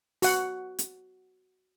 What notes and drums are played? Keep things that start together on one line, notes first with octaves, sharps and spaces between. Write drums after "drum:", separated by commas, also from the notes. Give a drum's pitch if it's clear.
F#4 F#5, drum: open hi-hat
drum: hi-hat